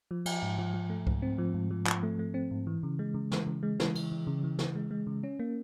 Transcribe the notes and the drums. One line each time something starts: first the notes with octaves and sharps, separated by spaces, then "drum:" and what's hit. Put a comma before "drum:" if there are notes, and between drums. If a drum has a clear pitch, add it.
F3
F3, drum: cymbal
G#2
F3
F3
A3
G#2, drum: kick C2
C4
F3
G#2
F3
F3, drum: clap
A3
A3
C4
G#2
E3
C#3
G#3
C#3
E3, drum: snare
C#3
G#3
E3, drum: snare
E3, drum: cymbal
E3
C#3
E3
E3, drum: snare
G#3
G#3
C#3
C#4
A#3